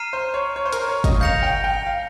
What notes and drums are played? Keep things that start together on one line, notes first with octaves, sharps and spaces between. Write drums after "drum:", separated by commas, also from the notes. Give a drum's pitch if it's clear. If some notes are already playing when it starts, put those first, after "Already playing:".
Already playing: A#5 F6 C7 D#7
C5
C#5
C#5
C5
A#4, drum: hi-hat
C#5
D#5, drum: kick, hi-hat
F5 G6 A#6 C#7 F7
G5
G5
F5